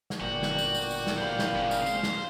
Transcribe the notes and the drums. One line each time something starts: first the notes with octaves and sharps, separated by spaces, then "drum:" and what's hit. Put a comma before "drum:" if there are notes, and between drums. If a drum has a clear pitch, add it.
drum: snare
G1 A#2 F#4 D5 G5
drum: snare
drum: tambourine
drum: tambourine
drum: tambourine
drum: snare
C5 F5 B5
drum: snare
F2 C#3
drum: tambourine
G#3 C5, drum: tambourine
drum: snare